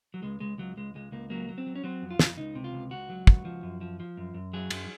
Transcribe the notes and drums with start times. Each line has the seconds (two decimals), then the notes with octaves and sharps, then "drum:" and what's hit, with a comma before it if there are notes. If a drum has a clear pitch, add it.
0.14 F#3
0.23 C#2 G#3
0.40 C#2 G#3
0.58 C#2 F#3
0.77 C#2 G#3
0.95 C#2 G#3
1.12 C#2 A#3
1.30 F#3 A#3
1.49 F#3
1.58 C4
1.66 F#3
1.75 C#4
1.84 F#3 C4
2.02 F2
2.11 F4
2.19 F2, drum: snare
2.38 C#2 D#4
2.55 C3
2.64 F4
2.74 C#2
2.91 C#2 F#4
3.10 F#3
3.27 C#2, drum: kick
3.45 F3
3.63 F#2
3.81 F3
4.00 F3
4.17 F#2
4.34 F#2
4.53 F#3 G#4
4.70 F#2, drum: cymbal